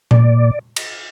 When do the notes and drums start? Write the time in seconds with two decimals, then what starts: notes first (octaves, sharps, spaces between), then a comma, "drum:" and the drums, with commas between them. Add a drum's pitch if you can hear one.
0.11 A#2 D5, drum: tom A#2
0.76 drum: cymbal